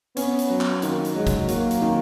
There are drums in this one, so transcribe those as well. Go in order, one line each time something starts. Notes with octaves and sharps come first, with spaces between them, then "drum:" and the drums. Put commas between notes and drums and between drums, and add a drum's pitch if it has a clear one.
B3 C#4, drum: hi-hat
drum: hi-hat
F#3
drum: clap
D#3 A#3, drum: hi-hat
drum: hi-hat
F#3 G#3
drum: kick, hi-hat
F#3 A#3, drum: hi-hat
drum: hi-hat
D#3